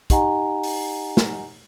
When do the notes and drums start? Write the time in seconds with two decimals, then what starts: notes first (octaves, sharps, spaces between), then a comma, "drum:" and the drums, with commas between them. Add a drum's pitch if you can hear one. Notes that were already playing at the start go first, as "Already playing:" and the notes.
0.10 D#4 G4 D#5 F#5 G#5 A#5, drum: kick, hi-hat
0.63 drum: open hi-hat
1.17 drum: snare